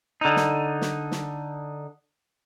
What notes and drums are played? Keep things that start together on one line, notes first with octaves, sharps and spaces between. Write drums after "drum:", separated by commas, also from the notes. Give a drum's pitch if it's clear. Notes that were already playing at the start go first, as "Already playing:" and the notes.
D3 D#4
drum: snare
drum: snare
drum: snare